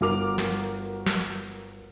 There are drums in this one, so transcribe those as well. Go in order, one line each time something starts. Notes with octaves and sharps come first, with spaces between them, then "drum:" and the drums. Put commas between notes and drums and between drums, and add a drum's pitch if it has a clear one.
G1 F#4 A#4 D6 F6 F7
drum: snare
drum: snare